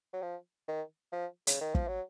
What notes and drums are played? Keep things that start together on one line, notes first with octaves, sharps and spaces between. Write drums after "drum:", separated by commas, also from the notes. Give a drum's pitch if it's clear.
F#3
F3
D#3
F3
C#3, drum: hi-hat
D#3
F3, drum: kick
F#3